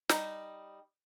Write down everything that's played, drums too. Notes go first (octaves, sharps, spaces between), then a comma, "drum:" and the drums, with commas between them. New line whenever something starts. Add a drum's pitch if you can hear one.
G3 D#4, drum: snare